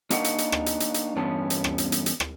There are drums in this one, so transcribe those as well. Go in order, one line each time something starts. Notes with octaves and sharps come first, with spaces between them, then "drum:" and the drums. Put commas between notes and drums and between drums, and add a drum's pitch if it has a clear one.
A#3 D4 D#4 F#4 F#5, drum: hi-hat
drum: hi-hat
drum: hi-hat
drum: rim click
drum: hi-hat
drum: hi-hat
drum: hi-hat
E2 G2 B3 C#4 A5
drum: hi-hat
drum: rim click
drum: hi-hat
drum: hi-hat
drum: hi-hat
drum: rim click